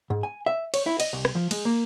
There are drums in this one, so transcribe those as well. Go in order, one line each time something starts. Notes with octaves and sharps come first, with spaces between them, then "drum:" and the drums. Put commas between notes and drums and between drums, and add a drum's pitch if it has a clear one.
G#2
G#5
E5
C#5, drum: cymbal
E4
D#5, drum: cymbal
C2
drum: rim click
F3
G#3, drum: cymbal
A#3